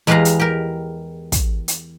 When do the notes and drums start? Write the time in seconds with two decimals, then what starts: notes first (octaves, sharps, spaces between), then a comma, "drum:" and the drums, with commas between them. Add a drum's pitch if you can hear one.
0.07 E2 G#3 G4 B4 F5 A#5
0.25 drum: hi-hat
0.40 G4 A#4
1.32 drum: kick, hi-hat
1.68 drum: hi-hat